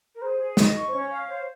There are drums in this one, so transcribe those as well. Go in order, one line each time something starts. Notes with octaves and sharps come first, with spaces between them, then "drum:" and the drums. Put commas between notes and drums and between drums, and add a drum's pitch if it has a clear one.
A#4
G#4 C5
G#4
D#5, drum: snare
C#6
C5
C#4 C#5
F5
C5 C#5